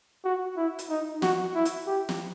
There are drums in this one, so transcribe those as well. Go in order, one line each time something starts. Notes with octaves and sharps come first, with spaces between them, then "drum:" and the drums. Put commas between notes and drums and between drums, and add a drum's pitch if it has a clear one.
F#4
E4
drum: hi-hat
D#4
F#4, drum: snare
E4
drum: hi-hat
G4
drum: snare